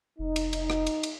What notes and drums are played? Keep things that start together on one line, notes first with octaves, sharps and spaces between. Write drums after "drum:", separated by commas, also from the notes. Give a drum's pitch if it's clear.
F1 D#4
drum: cymbal
drum: cymbal
drum: rim click
drum: cymbal
drum: cymbal